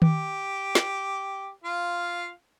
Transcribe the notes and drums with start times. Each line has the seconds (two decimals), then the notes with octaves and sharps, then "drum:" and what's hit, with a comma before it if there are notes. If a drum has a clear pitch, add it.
0.02 G4, drum: tom D#3
0.75 drum: snare
1.64 F4 F5